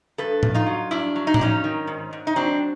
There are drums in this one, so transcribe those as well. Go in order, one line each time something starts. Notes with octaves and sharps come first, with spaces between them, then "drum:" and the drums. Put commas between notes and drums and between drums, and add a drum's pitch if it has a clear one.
G2 A4 B4
G2, drum: tom A2
D#4 F4
F#3
G2 D4 E4
F#3
D#4
D4, drum: tom A2
G2 C#4 D#4
D#3
G#2
G#2
D#4
F#3 C4 D4